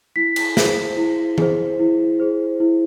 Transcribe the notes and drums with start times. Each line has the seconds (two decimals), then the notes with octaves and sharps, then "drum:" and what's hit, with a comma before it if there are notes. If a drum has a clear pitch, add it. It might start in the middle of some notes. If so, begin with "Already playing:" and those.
0.16 E4 B6
0.36 drum: cymbal
0.57 G#4 C5, drum: snare
0.97 E4
1.38 G#4 C5, drum: tom E3
1.79 E4
2.20 G#4 C5
2.60 E4